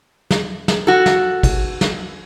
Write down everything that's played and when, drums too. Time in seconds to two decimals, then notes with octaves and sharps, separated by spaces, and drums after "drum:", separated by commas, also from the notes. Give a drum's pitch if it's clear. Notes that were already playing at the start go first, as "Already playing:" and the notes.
0.31 drum: snare
0.68 drum: snare
0.87 F#4 A4
1.06 drum: snare
1.43 drum: kick G#1, cymbal
1.81 drum: snare